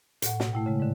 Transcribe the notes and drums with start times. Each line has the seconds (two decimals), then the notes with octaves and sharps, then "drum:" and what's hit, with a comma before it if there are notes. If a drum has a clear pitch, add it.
0.22 A2 F#5, drum: hi-hat
0.40 B2, drum: snare
0.53 A3 E4 G5
0.66 C#3 G#3
0.80 G#2 D3